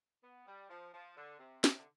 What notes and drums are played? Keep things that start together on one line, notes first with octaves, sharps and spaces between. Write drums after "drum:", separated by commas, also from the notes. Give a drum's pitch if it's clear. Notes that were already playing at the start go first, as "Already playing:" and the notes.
B3
G3
F3
F3
D3
C3
C3, drum: snare
D3